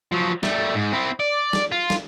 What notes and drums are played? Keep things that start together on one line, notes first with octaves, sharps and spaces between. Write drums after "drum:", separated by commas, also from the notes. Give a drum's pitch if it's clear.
F3 F#3
G3 A3, drum: snare
G#2
C4 E4
D5
drum: snare
F4
drum: snare